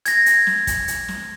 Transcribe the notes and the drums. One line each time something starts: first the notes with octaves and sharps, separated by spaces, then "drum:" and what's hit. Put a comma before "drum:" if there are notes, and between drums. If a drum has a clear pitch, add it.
G#6 A#6, drum: hi-hat
drum: hi-hat
drum: snare
drum: kick, hi-hat
drum: hi-hat
drum: snare